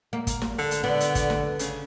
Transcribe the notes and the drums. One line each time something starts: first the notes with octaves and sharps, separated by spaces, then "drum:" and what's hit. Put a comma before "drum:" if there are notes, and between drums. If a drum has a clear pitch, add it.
A#3
drum: kick, hi-hat
drum: snare
D3
drum: hi-hat
D3 B3
drum: hi-hat
drum: kick, hi-hat
drum: snare
C#3, drum: hi-hat